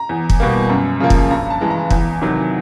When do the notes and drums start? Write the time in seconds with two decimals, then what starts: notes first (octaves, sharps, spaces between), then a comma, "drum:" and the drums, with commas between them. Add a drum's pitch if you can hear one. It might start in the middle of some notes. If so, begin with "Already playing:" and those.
Already playing: A#5
0.09 E2
0.30 drum: kick
0.40 B2 G3 A#3
0.69 F#2
1.00 C#3 F3 A#3
1.10 drum: kick
1.30 G2 A#5
1.50 A5
1.61 E3 G#3
1.70 A#5
1.90 E2, drum: kick
2.21 C3 D#3 F#3